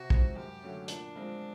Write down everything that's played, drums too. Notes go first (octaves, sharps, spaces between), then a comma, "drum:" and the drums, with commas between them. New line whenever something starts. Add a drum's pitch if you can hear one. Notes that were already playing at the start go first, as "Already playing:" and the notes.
Already playing: C3 F#4
F3 G#3 C4 D#4, drum: kick
F#2 G4
D3 F#3 A3 C#4
A#2 D4, drum: hi-hat
F3 G#3 C4 F4